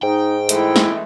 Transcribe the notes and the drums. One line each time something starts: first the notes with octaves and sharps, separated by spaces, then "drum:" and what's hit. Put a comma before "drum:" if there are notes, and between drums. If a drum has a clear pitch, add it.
G#2 D#4 G5
E3 G#3 A3 E4, drum: hi-hat
drum: snare